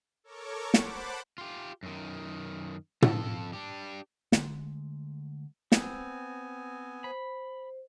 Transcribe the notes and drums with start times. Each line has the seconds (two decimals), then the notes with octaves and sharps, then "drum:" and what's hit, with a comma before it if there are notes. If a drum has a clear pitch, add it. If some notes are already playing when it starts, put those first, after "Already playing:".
0.24 A4 A#4 C#5 C#6 D6
0.74 C5 F#5 A5 B5 D6, drum: snare
1.38 F4 G4
1.83 F#2 D#3
3.02 F2 A4, drum: tom
3.53 D4 G4
4.32 D3 G#3 A3, drum: snare
5.72 B3 C4 G#5, drum: snare
7.04 C5 B5